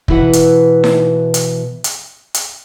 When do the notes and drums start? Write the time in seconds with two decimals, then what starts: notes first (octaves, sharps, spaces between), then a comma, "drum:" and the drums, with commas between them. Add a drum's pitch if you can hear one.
0.08 B2 E3 E4 B4 F#5, drum: kick
0.33 drum: hi-hat
0.84 drum: snare D#4
1.34 drum: hi-hat
1.84 drum: hi-hat
2.34 drum: hi-hat